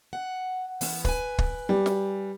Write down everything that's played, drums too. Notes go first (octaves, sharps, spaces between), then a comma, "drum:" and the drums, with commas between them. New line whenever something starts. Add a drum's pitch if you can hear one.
F#5
E3 B3 C#4, drum: open hi-hat
B4 G#5, drum: kick
drum: kick
G3
drum: snare